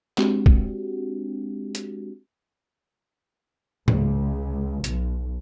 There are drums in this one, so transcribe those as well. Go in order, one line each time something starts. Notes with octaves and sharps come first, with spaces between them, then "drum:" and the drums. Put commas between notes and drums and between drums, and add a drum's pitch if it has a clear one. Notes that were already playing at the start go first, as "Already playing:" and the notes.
G#3 C4 D4 F#4 G4, drum: clap
drum: kick
drum: hi-hat
C#2, drum: tom G#2
B1, drum: hi-hat